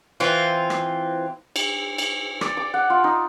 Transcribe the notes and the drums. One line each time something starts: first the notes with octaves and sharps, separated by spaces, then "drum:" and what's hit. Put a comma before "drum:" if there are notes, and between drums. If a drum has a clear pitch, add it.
E3 C4 F4
drum: rim click
drum: cymbal
drum: cymbal
D5, drum: rim click
D6
F#5
F4
D#4